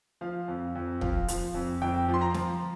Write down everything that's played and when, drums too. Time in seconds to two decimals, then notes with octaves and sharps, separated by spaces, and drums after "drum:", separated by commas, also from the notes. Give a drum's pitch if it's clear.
0.21 F3 F5
0.48 F2
0.75 F2
1.01 F3 F5, drum: kick
1.28 F3, drum: hi-hat
1.54 F2
1.82 F2 G5
2.09 F3
2.14 C6
2.21 A#5
2.34 F3, drum: snare